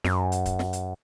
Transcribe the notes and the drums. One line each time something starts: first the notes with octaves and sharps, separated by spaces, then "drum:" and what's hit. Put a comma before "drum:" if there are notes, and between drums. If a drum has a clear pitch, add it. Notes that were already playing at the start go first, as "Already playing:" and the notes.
F#2, drum: snare
drum: hi-hat
drum: kick D1, hi-hat
drum: snare
drum: hi-hat